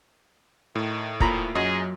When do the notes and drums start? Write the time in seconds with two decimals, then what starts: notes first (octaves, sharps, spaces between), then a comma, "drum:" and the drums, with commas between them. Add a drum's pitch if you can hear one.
0.75 A2 D#3
1.20 A#2 F3 A#5 B5, drum: kick
1.55 F#2 F#3 G#4 D#5